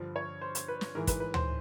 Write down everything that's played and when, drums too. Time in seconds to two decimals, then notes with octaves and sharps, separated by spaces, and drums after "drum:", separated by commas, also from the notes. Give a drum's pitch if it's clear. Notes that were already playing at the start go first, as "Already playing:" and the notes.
Already playing: G2 D3 F3
0.16 C#5
0.41 C5
0.55 drum: hi-hat
0.68 B4
0.81 drum: snare
0.95 G#2 E3 A#4
1.07 B4, drum: kick, hi-hat
1.20 B4
1.34 C5, drum: tom D2